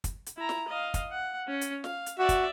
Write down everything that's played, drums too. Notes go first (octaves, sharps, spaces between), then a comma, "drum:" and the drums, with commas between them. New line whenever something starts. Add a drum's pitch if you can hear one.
drum: kick, hi-hat
drum: hi-hat
E4 A#5
drum: snare
D#5 F5
drum: kick, hi-hat
F#5
C#4
drum: hi-hat
F5, drum: snare
drum: hi-hat
F#4 D5 E5
drum: kick, hi-hat